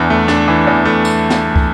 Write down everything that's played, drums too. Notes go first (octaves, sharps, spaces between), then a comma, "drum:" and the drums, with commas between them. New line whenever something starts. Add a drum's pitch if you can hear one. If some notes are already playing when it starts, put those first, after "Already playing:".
Already playing: E2 E3 D4
A3
D4, drum: snare
E3
E2
A3
drum: tambourine
drum: snare
drum: kick